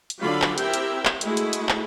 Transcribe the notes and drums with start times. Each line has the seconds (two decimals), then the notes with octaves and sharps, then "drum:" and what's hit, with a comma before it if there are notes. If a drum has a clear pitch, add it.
0.10 drum: hi-hat
0.21 D3 F#3 F4 D5 F5 B5
0.42 drum: clap
0.58 C4 E4 G4 A#4 E5 G5, drum: hi-hat
0.74 drum: hi-hat
1.05 drum: clap
1.21 G#3 A3 E4 F#4 G#4, drum: hi-hat
1.37 drum: hi-hat
1.53 drum: hi-hat
1.69 drum: clap